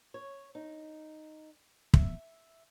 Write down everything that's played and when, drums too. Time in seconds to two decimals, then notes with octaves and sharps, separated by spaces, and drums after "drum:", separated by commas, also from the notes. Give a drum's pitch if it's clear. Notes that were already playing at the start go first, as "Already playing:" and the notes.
0.14 C#5
0.55 D#4
1.94 E5, drum: kick